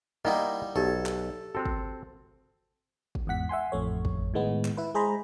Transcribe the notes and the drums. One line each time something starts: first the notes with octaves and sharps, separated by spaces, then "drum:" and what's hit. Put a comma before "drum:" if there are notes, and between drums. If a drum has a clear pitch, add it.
G3 A#3 D#4 E4 G4 D#5 F5 F#5
B1 G4 A4 A#4 D5
drum: clap
C4 F#4 A4 A#4 C5
drum: kick
drum: kick
E2 G#2 F#5 B6
E5 F#5 G#5 C6
A1 F2 A3 C#5
drum: kick
A2 D#3 G#3 B3
drum: clap
E4 B4
G#3 G#4 C5 A#5 B5